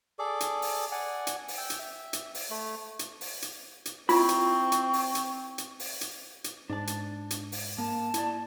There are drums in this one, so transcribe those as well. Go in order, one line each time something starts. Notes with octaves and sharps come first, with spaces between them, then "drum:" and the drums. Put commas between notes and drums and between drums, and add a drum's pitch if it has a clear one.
G#4 A4 D5 D6
drum: hi-hat
drum: open hi-hat
D5 F#5 G#5
drum: hi-hat
drum: open hi-hat
G5 E6
drum: hi-hat
E5
drum: hi-hat
drum: open hi-hat
A3
drum: hi-hat
drum: open hi-hat
drum: hi-hat
drum: hi-hat
C4 E4 F4 B5 C#6, drum: open hi-hat
drum: hi-hat
drum: hi-hat
drum: open hi-hat
drum: hi-hat
drum: hi-hat
drum: open hi-hat
drum: hi-hat
drum: hi-hat
G#2 D4 A5
drum: hi-hat
drum: hi-hat
drum: open hi-hat
A#3 A5
E4 D5, drum: hi-hat